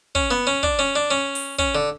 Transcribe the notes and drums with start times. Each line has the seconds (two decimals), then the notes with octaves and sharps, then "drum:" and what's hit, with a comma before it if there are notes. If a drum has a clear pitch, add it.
0.15 C#4, drum: kick
0.31 B3
0.47 C#4
0.63 D4, drum: kick
0.79 C#4
0.96 D4
1.11 C#4
1.35 drum: open hi-hat
1.59 C#4, drum: kick
1.75 D3